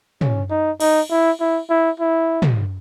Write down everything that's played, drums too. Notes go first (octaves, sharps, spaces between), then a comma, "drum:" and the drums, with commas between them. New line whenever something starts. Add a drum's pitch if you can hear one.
C#4, drum: tom
D#4
D#4, drum: cymbal
E4
E4
E4
E4
drum: tom